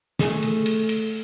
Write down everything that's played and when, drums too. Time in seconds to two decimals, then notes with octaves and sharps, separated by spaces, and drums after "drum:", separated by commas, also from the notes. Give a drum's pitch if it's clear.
0.19 A3 G#4, drum: snare
0.43 drum: cymbal
0.66 drum: cymbal
0.89 drum: cymbal